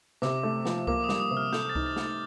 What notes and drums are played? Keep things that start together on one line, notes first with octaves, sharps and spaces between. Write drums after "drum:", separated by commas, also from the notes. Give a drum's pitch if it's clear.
C3 D6, drum: snare
A3
F3, drum: snare
A#3 D6, drum: kick C2
D#6
G3, drum: snare
D#6
C3
F6
A4 G6, drum: snare
A6
D#4, drum: kick C2
A6
A3, drum: snare
A6